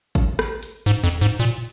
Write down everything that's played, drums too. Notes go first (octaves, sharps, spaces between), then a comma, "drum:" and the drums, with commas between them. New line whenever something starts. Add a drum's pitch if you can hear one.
drum: kick G#1, hi-hat
drum: rim click
drum: hi-hat
G#2
F2
G#2
A#2